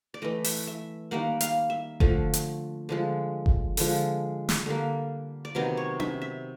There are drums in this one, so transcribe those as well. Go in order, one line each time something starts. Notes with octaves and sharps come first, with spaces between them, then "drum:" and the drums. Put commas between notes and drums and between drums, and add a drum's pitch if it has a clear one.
D5
E3 A3 D#5
E5, drum: open hi-hat
E5
D#3 G3 A#3 F#5
F5, drum: hi-hat
E5
D3 F3 A3, drum: kick F#1
drum: hi-hat
D3 F3 G#3
drum: kick F#1
D3 F3 G#3, drum: open hi-hat
drum: snare
D3 G3 A#3
D5
C3 D#3 F#3 B3 D#5
C#5
E5, drum: tom C#4
E5